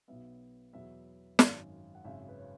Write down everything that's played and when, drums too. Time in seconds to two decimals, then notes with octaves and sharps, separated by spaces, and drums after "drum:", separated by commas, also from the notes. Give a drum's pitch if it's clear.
0.08 B1 B2 F#3 B3 E5
0.73 E2 B2 F#3 B3 E5
1.39 G#1 F#2 D#3, drum: snare
1.95 F#5
2.04 G#1 F#2 C#3 E5
2.28 B4
2.38 C#5